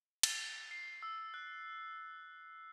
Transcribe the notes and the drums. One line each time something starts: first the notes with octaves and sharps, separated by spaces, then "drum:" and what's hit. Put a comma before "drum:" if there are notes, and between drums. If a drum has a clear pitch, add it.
A6, drum: cymbal
C7
E6
F#6